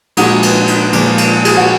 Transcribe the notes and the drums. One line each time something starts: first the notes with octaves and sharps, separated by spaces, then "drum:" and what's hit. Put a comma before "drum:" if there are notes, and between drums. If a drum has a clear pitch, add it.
A#2 F3 G#3 D#4 F#4, drum: cymbal
drum: cymbal
drum: cymbal
A#2 F3 G#3, drum: cymbal
drum: cymbal
G#4, drum: cymbal
F#4